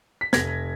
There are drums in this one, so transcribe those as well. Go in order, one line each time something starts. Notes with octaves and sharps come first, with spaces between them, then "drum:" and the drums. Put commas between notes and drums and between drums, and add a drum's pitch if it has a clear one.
B6
F1 G#6 A#6, drum: snare